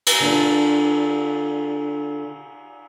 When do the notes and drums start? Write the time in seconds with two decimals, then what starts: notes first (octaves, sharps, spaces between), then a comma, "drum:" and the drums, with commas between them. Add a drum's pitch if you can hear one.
0.06 drum: cymbal
0.20 D3 D4 F4